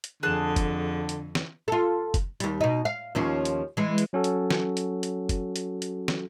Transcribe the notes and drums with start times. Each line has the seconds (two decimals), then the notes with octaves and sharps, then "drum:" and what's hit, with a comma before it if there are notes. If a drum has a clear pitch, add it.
0.04 drum: hi-hat
0.23 F2 D3 G#4 A5 F#6
0.56 drum: kick F#1, hi-hat
1.09 drum: hi-hat
1.35 drum: snare
1.68 F4 A4
2.14 drum: kick F#1, hi-hat
2.40 D#2 G3, drum: hi-hat
2.61 B2 D#4
2.85 F5
3.15 D#2 F3 C#4
3.45 drum: hi-hat
3.77 E3 G#3
3.98 drum: hi-hat
4.13 F#3 C#4 F#4 A4
4.24 drum: hi-hat
4.51 drum: snare
4.77 drum: hi-hat
5.03 drum: hi-hat
5.29 drum: kick F#1, hi-hat
5.56 drum: hi-hat
5.82 drum: hi-hat
6.08 drum: snare